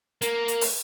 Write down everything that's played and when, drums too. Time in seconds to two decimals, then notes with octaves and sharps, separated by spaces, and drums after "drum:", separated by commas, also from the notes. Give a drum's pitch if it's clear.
0.22 A#3, drum: hi-hat
0.48 drum: hi-hat
0.61 drum: open hi-hat